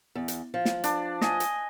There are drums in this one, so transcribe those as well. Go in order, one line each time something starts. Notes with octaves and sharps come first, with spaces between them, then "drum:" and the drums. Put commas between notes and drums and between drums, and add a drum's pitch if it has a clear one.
E2
drum: hi-hat
F3
drum: snare
D4, drum: hi-hat
D#5 G#5, drum: snare
drum: hi-hat